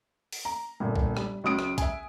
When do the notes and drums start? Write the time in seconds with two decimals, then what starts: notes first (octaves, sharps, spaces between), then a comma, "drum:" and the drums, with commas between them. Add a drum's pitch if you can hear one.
0.32 drum: open hi-hat
0.45 A#5
0.80 G1 A#2
0.96 drum: kick
1.17 G3, drum: rim click
1.44 C#2 F#3 D#6 D7
1.59 drum: rim click
1.78 E5 G#5, drum: kick, hi-hat